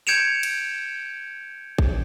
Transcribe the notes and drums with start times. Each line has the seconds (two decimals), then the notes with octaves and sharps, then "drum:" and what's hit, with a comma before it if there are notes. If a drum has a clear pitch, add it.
0.07 G6 G#6 C#7 D7 E7 F7
0.43 drum: cymbal
1.78 drum: kick A1